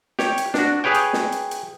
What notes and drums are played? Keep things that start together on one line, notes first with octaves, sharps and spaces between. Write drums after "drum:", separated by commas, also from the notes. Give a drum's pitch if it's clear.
G4 C#5, drum: snare
drum: hi-hat
D4 F#4, drum: snare
G4 G#4 B4 C#5 G5
drum: hi-hat
drum: snare
drum: hi-hat
drum: hi-hat